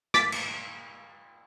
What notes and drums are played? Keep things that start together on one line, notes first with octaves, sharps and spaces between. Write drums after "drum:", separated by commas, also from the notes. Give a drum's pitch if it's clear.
D6 A6 B6, drum: snare
drum: cymbal